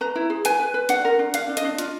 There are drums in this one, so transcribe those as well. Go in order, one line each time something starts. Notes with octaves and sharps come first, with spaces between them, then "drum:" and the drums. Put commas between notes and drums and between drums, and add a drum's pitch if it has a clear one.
B4 A#5
E4
G#4
B4 G#5, drum: hi-hat
B4
B4
D4 F#5, drum: hi-hat
A#4
D4
D4 F5, drum: hi-hat
D4
D#5, drum: hi-hat
D4
F4, drum: hi-hat